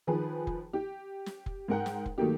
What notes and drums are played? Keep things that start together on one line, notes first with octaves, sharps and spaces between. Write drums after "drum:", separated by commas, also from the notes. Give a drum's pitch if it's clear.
D#3 F3 G#4 B4
drum: kick F1
G4
drum: snare
drum: kick F1
G#2 A#4 F#5 G5
drum: snare
drum: kick F1
D#3 F#3 A3 A#3 G4